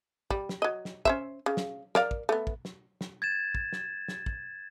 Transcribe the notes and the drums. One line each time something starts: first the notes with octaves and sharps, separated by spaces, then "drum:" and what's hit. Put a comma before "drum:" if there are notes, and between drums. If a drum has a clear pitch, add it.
G3, drum: kick
drum: snare
F#3 D#5
drum: snare
C#4 C5 E5, drum: kick
C#3
drum: snare
A#4 D5 F5, drum: snare
drum: kick
A3 B3
drum: kick
drum: snare
drum: snare
G#6 A6 E7
drum: kick
drum: snare
drum: snare
drum: kick